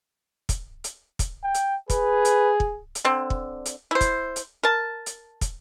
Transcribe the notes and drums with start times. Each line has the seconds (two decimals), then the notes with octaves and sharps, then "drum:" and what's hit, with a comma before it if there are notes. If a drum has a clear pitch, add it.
0.49 drum: kick, hi-hat
0.84 drum: hi-hat
1.19 drum: kick, hi-hat
1.43 G5
1.54 drum: hi-hat
1.90 G#4 B4, drum: kick, hi-hat
2.25 drum: hi-hat
2.60 drum: kick
2.95 drum: hi-hat
3.05 D3 C4
3.30 drum: kick
3.65 drum: hi-hat
3.91 E4 C5
4.01 drum: kick, hi-hat
4.36 drum: hi-hat
4.63 A#4 A5
5.06 drum: hi-hat
5.41 drum: kick, hi-hat